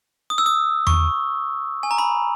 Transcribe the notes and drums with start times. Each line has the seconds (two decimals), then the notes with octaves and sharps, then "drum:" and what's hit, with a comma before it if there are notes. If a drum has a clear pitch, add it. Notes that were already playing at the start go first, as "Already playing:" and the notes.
0.30 D#6
0.38 E6
0.46 D#6
0.87 C#6, drum: tom E2
1.83 G#5
1.91 A#5
1.98 B5